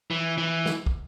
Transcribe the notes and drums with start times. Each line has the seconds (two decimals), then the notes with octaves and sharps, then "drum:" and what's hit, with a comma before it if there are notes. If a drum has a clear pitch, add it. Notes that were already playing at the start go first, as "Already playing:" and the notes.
0.11 E3
0.38 E3
0.66 drum: snare
0.86 drum: kick